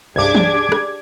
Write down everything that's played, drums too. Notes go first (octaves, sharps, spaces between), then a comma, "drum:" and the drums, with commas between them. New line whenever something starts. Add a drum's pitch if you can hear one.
C2 G2 D4 G4 G#4 C#5 D6 G#6
drum: tom E3
drum: rim click